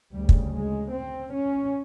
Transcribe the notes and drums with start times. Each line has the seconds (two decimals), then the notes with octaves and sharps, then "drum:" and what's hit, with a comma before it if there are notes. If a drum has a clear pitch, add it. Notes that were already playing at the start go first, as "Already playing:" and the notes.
0.14 D2 C#3 G3
0.29 drum: kick
0.54 G#3
0.93 C4
1.33 C#4